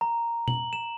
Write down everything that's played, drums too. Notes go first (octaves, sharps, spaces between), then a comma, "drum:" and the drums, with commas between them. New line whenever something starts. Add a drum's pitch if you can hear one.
A#5
F#7, drum: tom B2
E7